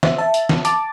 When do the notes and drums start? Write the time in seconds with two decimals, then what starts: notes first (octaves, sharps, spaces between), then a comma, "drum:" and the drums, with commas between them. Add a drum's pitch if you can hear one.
0.03 C5 E5, drum: snare
0.18 E5 A5
0.34 drum: hi-hat
0.49 drum: snare
0.65 A5 D6, drum: hi-hat